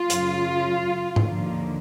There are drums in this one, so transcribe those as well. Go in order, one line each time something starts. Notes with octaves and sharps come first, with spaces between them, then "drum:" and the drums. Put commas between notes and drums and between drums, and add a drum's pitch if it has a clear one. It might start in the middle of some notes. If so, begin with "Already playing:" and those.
Already playing: F4
F#2 C#3 F#3, drum: hi-hat
D#2 D3 F3 A#3, drum: tom G#2